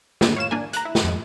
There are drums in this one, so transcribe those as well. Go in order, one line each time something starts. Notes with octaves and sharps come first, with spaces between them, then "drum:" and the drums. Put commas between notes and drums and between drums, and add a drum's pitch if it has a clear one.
A#2 D3 G#3 A#3 C4, drum: snare
C#5 F5 E7
A#3 D4 A#4 G#5
A#5 F#6, drum: hi-hat
E4
drum: snare
F2 G#3